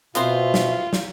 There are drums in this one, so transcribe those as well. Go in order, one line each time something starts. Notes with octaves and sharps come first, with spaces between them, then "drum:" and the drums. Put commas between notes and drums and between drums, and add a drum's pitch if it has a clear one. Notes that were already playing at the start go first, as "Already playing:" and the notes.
B2 B3 C4 F4 C5 E5, drum: hi-hat
drum: snare
drum: snare